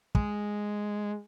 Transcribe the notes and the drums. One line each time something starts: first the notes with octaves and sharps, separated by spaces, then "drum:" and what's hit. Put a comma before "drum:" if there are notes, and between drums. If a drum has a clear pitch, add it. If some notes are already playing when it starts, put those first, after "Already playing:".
G#3, drum: kick